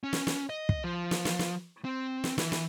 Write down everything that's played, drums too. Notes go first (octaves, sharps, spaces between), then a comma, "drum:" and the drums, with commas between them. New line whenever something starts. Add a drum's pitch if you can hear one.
C#4
drum: snare
drum: snare
D#5
drum: kick
F3
drum: snare
drum: snare
drum: snare
C4
drum: snare
E3, drum: snare
drum: snare